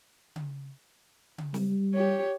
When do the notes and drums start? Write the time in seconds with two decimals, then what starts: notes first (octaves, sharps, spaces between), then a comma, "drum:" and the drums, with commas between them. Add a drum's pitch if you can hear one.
0.36 drum: tom C#3
1.38 drum: tom C#3
1.54 G3, drum: snare
1.94 G4 C#5